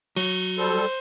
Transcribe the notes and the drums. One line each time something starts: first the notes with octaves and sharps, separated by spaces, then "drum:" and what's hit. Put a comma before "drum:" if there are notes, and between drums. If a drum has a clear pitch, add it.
F#3, drum: cymbal
G3 A4 C5